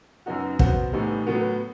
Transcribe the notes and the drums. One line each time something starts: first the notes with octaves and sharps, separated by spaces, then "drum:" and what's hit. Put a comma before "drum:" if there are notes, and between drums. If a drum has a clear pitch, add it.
F#2 F#3 B3 D#4 F#4
B2 F#3 B3 F#4 C5, drum: kick
A2 E3 G3 B3 D#4
A2 F#3 B3